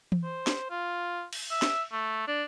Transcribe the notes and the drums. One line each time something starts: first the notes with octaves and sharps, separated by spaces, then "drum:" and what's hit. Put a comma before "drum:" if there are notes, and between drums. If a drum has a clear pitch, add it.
drum: tom E3
C5
drum: snare
F4
drum: cymbal
E5
drum: snare
A3
D4